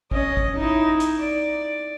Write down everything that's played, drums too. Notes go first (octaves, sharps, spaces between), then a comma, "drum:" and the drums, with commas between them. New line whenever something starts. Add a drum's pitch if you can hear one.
C#4 D#5, drum: kick
drum: kick
D#4 E4
drum: hi-hat
D5